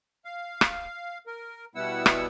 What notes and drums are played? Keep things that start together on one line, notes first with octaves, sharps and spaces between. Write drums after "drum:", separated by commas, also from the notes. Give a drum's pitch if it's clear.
F5
drum: rim click
A#4
B2 G3 B3 E4 F#5 E6
drum: rim click